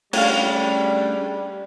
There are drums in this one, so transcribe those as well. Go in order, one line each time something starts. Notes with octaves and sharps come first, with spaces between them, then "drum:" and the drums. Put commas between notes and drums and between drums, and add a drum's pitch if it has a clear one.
G3 A3 C#4 D4 G#4 C#5 F5, drum: cymbal